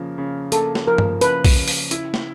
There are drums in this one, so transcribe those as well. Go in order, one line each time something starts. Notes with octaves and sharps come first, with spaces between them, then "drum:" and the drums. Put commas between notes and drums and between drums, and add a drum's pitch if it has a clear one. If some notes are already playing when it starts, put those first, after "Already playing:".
Already playing: C#3 F3 A#3
C#3
A#3 A4, drum: hi-hat
drum: snare
F3 A#4
drum: tom G2
C#3 B4, drum: hi-hat
drum: kick, open hi-hat
C#3
drum: open hi-hat
E4, drum: hi-hat
drum: snare